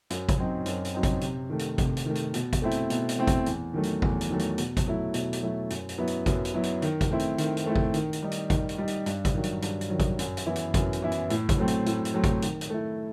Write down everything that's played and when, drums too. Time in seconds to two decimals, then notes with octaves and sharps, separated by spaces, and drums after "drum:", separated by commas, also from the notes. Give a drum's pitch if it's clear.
0.10 F#2, drum: hi-hat
0.29 drum: kick G#1, hi-hat
0.38 F#3 C4 D#4
0.66 F#2, drum: hi-hat
0.85 drum: hi-hat
0.94 F#3 C4 D#4
1.03 drum: kick G#1, hi-hat
1.21 C3, drum: hi-hat
1.50 D#3 A3
1.59 drum: hi-hat
1.78 C3, drum: kick G#1, hi-hat
1.97 drum: hi-hat
2.06 D#3 A3
2.15 drum: hi-hat
2.34 B2, drum: hi-hat
2.53 drum: kick G#1, hi-hat
2.62 A3 C4 E4
2.71 drum: hi-hat
2.90 B2, drum: hi-hat
3.09 drum: hi-hat
3.18 A3 C4 E4
3.27 drum: kick G#1, hi-hat
3.46 E2, drum: hi-hat
3.74 D#3 F#3 A3
3.83 drum: hi-hat
4.02 E2, drum: kick G#1
4.21 drum: hi-hat
4.30 D#3 F#3 A3
4.39 drum: hi-hat
4.58 B2, drum: hi-hat
4.77 drum: kick G#1, hi-hat
4.87 F#3 A3 E4
5.14 B2, drum: hi-hat
5.33 drum: hi-hat
5.43 F#3 A3 E4
5.70 F#2, drum: hi-hat
5.89 drum: hi-hat
5.98 F#3 B3 E4
6.07 drum: hi-hat
6.26 F#2, drum: kick G#1, hi-hat
6.45 drum: hi-hat
6.54 F#3 B3 E4
6.63 drum: hi-hat
6.82 D#3, drum: hi-hat
7.01 drum: kick G#1, hi-hat
7.10 A3 C4 E4
7.19 drum: hi-hat
7.38 D#3, drum: hi-hat
7.57 drum: hi-hat
7.66 A3 C4 E4
7.76 drum: kick G#1
7.94 D#3, drum: hi-hat
8.13 drum: hi-hat
8.23 G3 D#4
8.32 drum: hi-hat
8.50 D#3, drum: kick G#1, hi-hat
8.69 drum: hi-hat
8.78 G3 D#4
8.88 drum: hi-hat
9.06 G2, drum: hi-hat
9.25 drum: kick G#1, hi-hat
9.34 D#3 F#3
9.44 drum: hi-hat
9.62 G2, drum: hi-hat
9.81 drum: hi-hat
9.90 D#3 F#3
10.00 drum: kick G#1, hi-hat
10.19 F#2, drum: hi-hat
10.37 drum: hi-hat
10.46 E3 B3 E4
10.56 drum: hi-hat
10.74 F#2, drum: kick G#1, hi-hat
10.93 drum: hi-hat
11.02 E3 B3 E4
11.12 drum: hi-hat
11.30 A2, drum: hi-hat
11.49 drum: kick G#1, hi-hat
11.58 F#3 A3 C4
11.68 drum: hi-hat
11.86 A2, drum: hi-hat
12.05 drum: hi-hat
12.14 F#3 A3 C4
12.24 drum: kick G#1, hi-hat
12.42 D#3, drum: hi-hat
12.61 drum: hi-hat
12.70 A3 E4